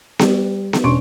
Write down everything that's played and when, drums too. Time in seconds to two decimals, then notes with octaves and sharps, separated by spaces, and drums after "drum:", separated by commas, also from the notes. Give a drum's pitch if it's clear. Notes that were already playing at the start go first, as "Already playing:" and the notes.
0.19 G3, drum: snare B3
0.73 drum: snare B3
0.83 E1 C#4 D4 C6 C#6 D7